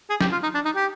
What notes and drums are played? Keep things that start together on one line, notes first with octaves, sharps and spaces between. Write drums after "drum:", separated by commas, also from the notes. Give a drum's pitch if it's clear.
G#4
G4, drum: snare
F4
D#4
D4
D#4
G4